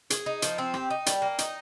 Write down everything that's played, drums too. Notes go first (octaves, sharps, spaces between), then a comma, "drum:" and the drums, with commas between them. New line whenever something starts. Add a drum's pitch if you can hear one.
G#4, drum: hi-hat
D#4
F3, drum: hi-hat
C4
G4, drum: rim click
D#4
G3, drum: hi-hat
A#3
D#4, drum: hi-hat